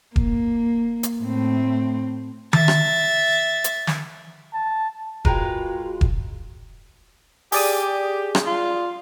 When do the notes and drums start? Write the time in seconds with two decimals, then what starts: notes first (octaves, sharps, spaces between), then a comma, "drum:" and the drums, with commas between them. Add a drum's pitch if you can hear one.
0.16 A#3, drum: kick E1
1.03 drum: hi-hat
1.22 A2 C4
2.53 E5 A6, drum: tom D#3
2.68 drum: rim click
3.64 drum: hi-hat
3.87 drum: snare
4.53 A5
5.25 G#3 F4 F#4 A#4 B4 F5 G5, drum: kick E1
6.01 drum: kick E1
7.52 G4 G#4 D5 D#6, drum: open hi-hat
8.35 drum: rim click
8.46 F4